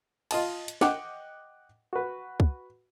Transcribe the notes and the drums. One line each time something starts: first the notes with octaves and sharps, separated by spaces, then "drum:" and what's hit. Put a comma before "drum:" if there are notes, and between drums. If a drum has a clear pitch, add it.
F4 D#5 A5, drum: cymbal
drum: hi-hat
D#5 F#5 G5 D6, drum: snare
F#4 B4
drum: kick